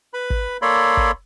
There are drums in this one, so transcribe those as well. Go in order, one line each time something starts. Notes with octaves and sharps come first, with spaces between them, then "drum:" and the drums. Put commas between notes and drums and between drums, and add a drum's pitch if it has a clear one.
B4 B5
drum: kick
A#3 A4 C#5 D5 B5 C6
drum: kick